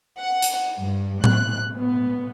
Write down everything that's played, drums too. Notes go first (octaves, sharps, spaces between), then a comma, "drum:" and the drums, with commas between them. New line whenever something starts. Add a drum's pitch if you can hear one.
F#5
drum: hi-hat
G2
F#6, drum: tom A2
B3